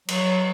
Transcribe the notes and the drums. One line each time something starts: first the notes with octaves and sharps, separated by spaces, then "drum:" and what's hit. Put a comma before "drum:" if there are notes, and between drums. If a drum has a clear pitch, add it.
F#3, drum: cymbal